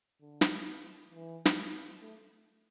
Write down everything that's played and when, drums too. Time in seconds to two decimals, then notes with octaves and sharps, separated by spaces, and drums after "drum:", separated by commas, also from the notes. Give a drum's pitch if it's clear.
0.21 D3
0.41 drum: snare
1.11 E3
1.45 drum: snare
2.01 A3